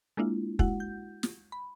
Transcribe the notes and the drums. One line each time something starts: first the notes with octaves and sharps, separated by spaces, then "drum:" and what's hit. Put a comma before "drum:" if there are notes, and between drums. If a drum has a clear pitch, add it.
G#3 A#3 D4 E4 F4
G#3 E4 F#4 F#5, drum: kick
G6
drum: snare
B5